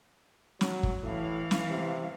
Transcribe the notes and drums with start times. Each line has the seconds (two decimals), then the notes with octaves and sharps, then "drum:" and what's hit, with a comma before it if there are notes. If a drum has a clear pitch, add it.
0.61 F#3, drum: snare
0.83 drum: kick
1.03 A2 E3 F5
1.51 drum: snare
1.70 C3